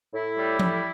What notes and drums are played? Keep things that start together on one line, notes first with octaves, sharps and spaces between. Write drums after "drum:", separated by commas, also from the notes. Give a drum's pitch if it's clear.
A2 E4
G3
A2, drum: tom F3